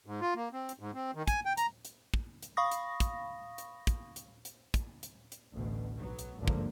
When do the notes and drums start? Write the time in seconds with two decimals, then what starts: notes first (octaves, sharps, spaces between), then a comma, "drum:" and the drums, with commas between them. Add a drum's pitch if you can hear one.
0.06 G#2
0.21 F4
0.35 A#3
0.53 C4
0.69 drum: hi-hat
0.79 G#2
0.94 C4
1.15 D#3
1.28 G#5, drum: kick, hi-hat
1.45 G5
1.57 A#5, drum: hi-hat
1.85 drum: hi-hat
2.14 drum: kick
2.42 drum: hi-hat
2.57 F5 B5 C#6 D#6 A#6
2.71 drum: hi-hat
3.00 drum: kick, hi-hat
3.58 drum: hi-hat
3.87 drum: kick, hi-hat
4.16 drum: hi-hat
4.45 drum: hi-hat
4.74 drum: kick, hi-hat
5.03 drum: hi-hat
5.32 drum: hi-hat
5.53 A1 D2 B2
5.96 B1 F#3 B3
6.19 drum: hi-hat
6.38 G#1 D2 G2 D3 F3 A#3
6.48 drum: kick